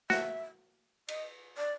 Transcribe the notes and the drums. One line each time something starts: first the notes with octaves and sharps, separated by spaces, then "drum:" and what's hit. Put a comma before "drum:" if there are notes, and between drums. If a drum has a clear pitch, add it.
F#4 E5, drum: snare
D#5, drum: cymbal
D5